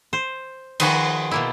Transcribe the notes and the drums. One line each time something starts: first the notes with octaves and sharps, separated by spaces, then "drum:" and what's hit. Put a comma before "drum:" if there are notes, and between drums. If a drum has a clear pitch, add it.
C5
D#3 F3 F#4 G#4 B4 D#5, drum: cymbal
B2 A#3 E4